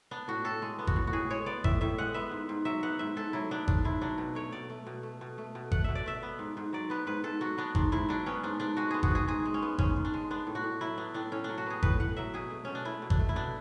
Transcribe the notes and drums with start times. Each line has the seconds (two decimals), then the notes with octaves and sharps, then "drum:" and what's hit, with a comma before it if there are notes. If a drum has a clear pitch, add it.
0.11 B3 D4
0.28 A2 F#4
0.44 A2 A4
0.62 G#3
0.79 B3
0.87 F#4, drum: kick G#1
0.96 A2
1.07 F#4
1.13 A2 G#4
1.30 G#3 C#5
1.46 B3 D5
1.64 A2 E5, drum: kick G#1
1.81 A2 E5
1.98 G#3 F#5
2.14 B3 E5
2.31 G#2
2.49 G#2
2.65 F#3 E5
2.83 B3 F#5
2.99 G#2 E5
3.17 G#2 A4
3.33 F#3 E4
3.51 B3 D4
3.68 G#2 D4, drum: kick G#1
3.85 G#2 E4
4.01 F#3 D4
4.18 B2
4.35 A3 C#5
4.52 B2 D5
4.70 A3
4.87 B2
5.03 A3
5.21 B2
5.38 A3
5.55 B2
5.72 A3 F#5, drum: kick G#1
5.84 B2 E5
5.95 D5
6.06 A3 E5
6.23 B3
6.39 G#2
6.57 G#2
6.73 F#3 D5
6.90 B3 B4
7.07 G#2 B4
7.24 G#2 A4
7.41 F#3 F#4
7.58 B3 D4
7.75 G#2 D4, drum: kick G#1
7.92 G#2 E4
8.09 F#3 D4
8.26 B3 C#4
8.43 G#2 D4
8.60 G#2 D4
8.77 G#3 F#4
8.91 B3 G#4
9.03 F#4, drum: kick G#1
9.11 G#2 G#4
9.28 G#2 G#4
9.45 G#3
9.54 C#4
9.62 B3
9.79 G#2 C#4, drum: kick G#1
9.96 G#2
10.05 D4
10.14 G#3
10.31 B3 D4
10.47 A2
10.55 F#4
10.64 A2
10.81 F#3 E4
10.98 B3 D4
11.14 A2 D4
11.32 A2 C#4
11.44 F#3 D4
11.58 F#4
11.66 B3 G#4
11.83 A2 B4, drum: kick G#1
12.00 A2 F#5
12.17 F#3 E5
12.34 B2 G#4
12.50 A3
12.65 B2 C#4
12.75 D4
12.85 A3 E4
13.02 B2
13.10 D4, drum: kick G#1
13.19 A3
13.29 E4
13.36 B2 D4